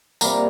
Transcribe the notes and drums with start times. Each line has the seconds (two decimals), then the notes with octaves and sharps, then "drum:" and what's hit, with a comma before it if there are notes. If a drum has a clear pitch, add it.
0.21 C3 G3 A#3 A#5, drum: tambourine